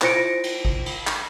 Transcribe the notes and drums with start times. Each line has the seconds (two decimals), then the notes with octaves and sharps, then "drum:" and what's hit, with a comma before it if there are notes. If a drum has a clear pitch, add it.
0.01 E4 F4 C5 A#6 C#7 D7, drum: clap
0.44 drum: cymbal
0.65 drum: kick G#1
0.86 drum: cymbal
1.07 drum: clap